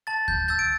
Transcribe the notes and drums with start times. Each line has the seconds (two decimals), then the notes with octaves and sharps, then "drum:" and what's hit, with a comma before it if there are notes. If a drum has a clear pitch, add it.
0.07 A5 A6
0.28 G6, drum: kick D2
0.48 E6 G6 A6
0.59 D7